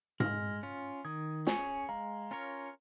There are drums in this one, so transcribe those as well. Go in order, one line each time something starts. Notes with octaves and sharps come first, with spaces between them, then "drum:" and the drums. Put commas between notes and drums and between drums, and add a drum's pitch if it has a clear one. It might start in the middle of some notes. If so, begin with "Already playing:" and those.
G#3 F6 A#6, drum: tom G#2
C#4 F4
D#3 D#6 G#6
C#4 G#4 C#5 G#5 C#6, drum: snare
G#3 F5 A#5
C#4 F4 A#4 C#5